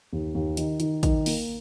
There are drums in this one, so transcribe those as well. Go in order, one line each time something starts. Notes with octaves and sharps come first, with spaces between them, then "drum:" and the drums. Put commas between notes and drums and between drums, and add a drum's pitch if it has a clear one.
D#2
D#2
D#3, drum: hi-hat
D#3, drum: hi-hat
D#3, drum: kick, hi-hat
A#3, drum: open hi-hat